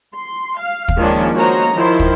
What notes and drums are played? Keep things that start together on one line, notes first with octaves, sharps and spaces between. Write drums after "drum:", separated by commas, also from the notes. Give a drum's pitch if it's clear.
C6
F5
drum: kick
D#3 F3 G#3 A#3 C#4 D4
A#3 F#4 C5 C#5 D#5 A#5
D#3 F3 E4 C5
drum: kick